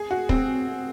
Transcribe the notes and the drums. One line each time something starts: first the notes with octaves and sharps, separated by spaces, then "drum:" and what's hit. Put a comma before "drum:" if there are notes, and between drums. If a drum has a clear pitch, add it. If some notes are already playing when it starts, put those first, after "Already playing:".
Already playing: G#4
F#4
C4, drum: kick